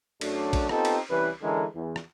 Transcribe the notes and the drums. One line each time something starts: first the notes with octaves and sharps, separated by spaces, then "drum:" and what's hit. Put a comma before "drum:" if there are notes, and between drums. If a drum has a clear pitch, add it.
F#2 F#3 A3 D4, drum: cymbal
drum: kick A#1, cymbal
B3 C4 D#4 F4 G4 A4, drum: rim click
drum: cymbal
C2 E3 G3 C#4 B4
D3 E3 G#3 C#4 A4 A#4
E2
drum: rim click